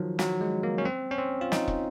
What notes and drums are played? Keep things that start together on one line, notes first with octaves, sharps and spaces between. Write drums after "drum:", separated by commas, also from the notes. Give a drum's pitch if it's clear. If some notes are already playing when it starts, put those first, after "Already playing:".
Already playing: D#3 F3 F#3
F#3, drum: snare
G#3
A#3
C#4
C4
C#4
C4
F4
D#4, drum: snare
drum: kick